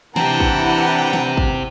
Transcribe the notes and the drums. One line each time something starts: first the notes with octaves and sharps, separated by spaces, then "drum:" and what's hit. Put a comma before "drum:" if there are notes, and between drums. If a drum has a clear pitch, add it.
E3 C4 D4 G4 F#5 G5 A5 A#5, drum: snare
drum: kick
drum: snare
drum: kick